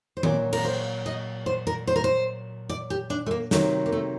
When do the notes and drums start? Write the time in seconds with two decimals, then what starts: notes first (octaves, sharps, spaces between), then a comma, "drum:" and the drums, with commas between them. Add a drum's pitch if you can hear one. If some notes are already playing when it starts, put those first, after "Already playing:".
0.17 C5
0.23 A#2 F#3 D5, drum: tom D#3
0.53 A#4, drum: cymbal
0.65 C5
1.06 D#5
1.46 C5
1.67 A#4
1.87 C5
1.96 A#4
2.04 C5
2.69 D5
2.90 G4
3.10 D4
3.26 A3
3.31 A#3
3.51 C3 D#3 F#3 A3, drum: snare
3.86 A#3
3.92 A3